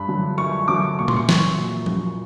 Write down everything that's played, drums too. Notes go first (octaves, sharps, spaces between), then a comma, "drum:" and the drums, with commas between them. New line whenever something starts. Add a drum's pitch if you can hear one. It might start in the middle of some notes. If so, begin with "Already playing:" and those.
Already playing: G2 B5
D3 F#3
G2 C#6
D3 F#3 D6
A#2 C#6
C6, drum: tom A#2
C#6
F#3, drum: snare
A#2
drum: tom F3